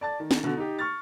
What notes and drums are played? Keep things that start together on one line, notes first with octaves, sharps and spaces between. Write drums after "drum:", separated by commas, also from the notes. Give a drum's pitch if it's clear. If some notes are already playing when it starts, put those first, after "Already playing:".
D5 A5 A6
D#3
drum: snare
B2 D3
D#4 G4
C#6 F6 A6